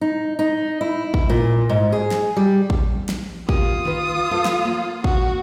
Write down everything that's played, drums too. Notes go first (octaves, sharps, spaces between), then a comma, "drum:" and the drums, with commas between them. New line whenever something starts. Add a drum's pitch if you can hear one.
D#4
D#4
E4
drum: kick A1
A#2
G#2
G#4
drum: snare
G3
drum: kick A1
drum: snare
A#3 F4 G4 D#6, drum: kick A1
D#3 B4
A4 C5 F5
drum: snare
A#3
F#4, drum: kick A1